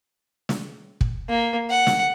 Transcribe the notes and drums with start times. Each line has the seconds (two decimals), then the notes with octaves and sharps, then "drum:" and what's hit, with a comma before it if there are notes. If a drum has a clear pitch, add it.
0.49 drum: snare
1.01 drum: kick
1.29 A#3
1.69 F#5
1.87 drum: snare